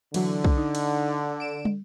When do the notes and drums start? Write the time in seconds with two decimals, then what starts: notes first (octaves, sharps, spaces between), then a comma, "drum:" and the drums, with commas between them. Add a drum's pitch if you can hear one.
0.14 D3 E3 F#3, drum: cymbal
0.44 drum: kick
0.57 D#4
0.75 drum: cymbal
1.40 D7 E7
1.65 drum: tom